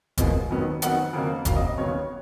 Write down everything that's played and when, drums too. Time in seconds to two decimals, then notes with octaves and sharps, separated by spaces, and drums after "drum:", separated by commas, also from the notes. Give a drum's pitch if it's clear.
0.18 F#2 F3 G#3 B3, drum: kick F#1, hi-hat
0.50 F2 D#3 F#3 B3
0.82 F2 D#3 F#3 B3 F#5, drum: hi-hat
1.13 F2 C#3 F#3 A#3
1.45 F2 C#3 F#3 A#3 F5, drum: kick F#1, hi-hat
1.56 D#5
1.66 D#5
1.78 D#2 C#3 F#3 B3 C#5